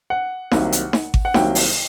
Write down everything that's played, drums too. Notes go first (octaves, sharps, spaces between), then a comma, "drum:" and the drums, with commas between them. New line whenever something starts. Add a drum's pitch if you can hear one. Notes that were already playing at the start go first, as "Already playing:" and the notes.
F#5
C2 C3 D#3 F#3 A#3, drum: snare D#4
drum: hi-hat
drum: snare D#4
drum: kick G#1
F#5
C2 C3 D#3 F#3 A#3 G5, drum: snare D#4
drum: open hi-hat